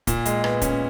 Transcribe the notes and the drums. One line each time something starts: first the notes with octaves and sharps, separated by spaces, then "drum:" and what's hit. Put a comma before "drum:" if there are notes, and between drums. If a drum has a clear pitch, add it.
A#2, drum: kick, hi-hat
G#3, drum: hi-hat
B3, drum: rim click
C#4, drum: kick, hi-hat